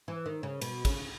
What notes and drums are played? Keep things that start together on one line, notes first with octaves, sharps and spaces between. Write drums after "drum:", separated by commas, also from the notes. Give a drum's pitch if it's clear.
E3
D#3
C#3
B2, drum: cymbal
C#3, drum: kick, cymbal